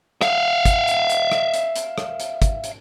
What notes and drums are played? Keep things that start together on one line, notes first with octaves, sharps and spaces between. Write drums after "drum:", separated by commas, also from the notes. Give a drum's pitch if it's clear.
E5 F5, drum: rim click
drum: kick, hi-hat
drum: hi-hat
drum: hi-hat
drum: rim click
drum: hi-hat
drum: hi-hat
drum: rim click
drum: hi-hat
drum: kick, hi-hat
drum: hi-hat